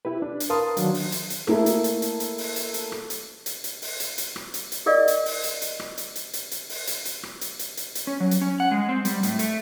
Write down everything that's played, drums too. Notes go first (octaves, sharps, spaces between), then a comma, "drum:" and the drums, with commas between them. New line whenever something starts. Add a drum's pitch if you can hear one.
E4 G4 B4
D4
drum: hi-hat
A#4 B4 F5 A5 C6 D#6
D#3 F#3 D4, drum: hi-hat
drum: open hi-hat
drum: hi-hat
drum: hi-hat
A3 A#3 E4 G#4 A4, drum: rim click
drum: hi-hat
drum: hi-hat
drum: hi-hat
drum: hi-hat
drum: open hi-hat
drum: hi-hat
drum: hi-hat
drum: rim click
drum: hi-hat
drum: hi-hat
drum: hi-hat
drum: open hi-hat
drum: hi-hat
drum: hi-hat
drum: rim click
drum: hi-hat
drum: hi-hat
G#4 A#4 D5 D#5 F5
drum: hi-hat
drum: open hi-hat
drum: hi-hat
drum: hi-hat
drum: rim click
drum: hi-hat
drum: hi-hat
drum: hi-hat
drum: hi-hat
drum: open hi-hat
drum: hi-hat
drum: hi-hat
drum: rim click
drum: hi-hat
drum: hi-hat
drum: hi-hat
drum: hi-hat
C#4
F#3
drum: hi-hat
C#4
F#5
G#3
C4
G3, drum: hi-hat
A2, drum: hi-hat
A3, drum: hi-hat